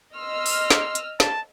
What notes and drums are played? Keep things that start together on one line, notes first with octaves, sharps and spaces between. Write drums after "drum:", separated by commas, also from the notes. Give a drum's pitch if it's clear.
D#5 C6 E6 F6
drum: open hi-hat
drum: snare
drum: hi-hat
A5, drum: snare